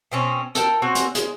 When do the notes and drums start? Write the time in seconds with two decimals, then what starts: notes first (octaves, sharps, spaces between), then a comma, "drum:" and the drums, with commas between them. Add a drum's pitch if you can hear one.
0.12 B2 C4 C#4
0.55 A4 A#4 G5, drum: hi-hat
0.82 C4 C#4 F#4
0.95 drum: hi-hat
1.15 G#3, drum: hi-hat